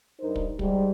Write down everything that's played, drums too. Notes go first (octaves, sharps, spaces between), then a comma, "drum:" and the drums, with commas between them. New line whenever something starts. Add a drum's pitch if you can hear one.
G2 D#4 A#4 C5
drum: kick
G#2 G3, drum: kick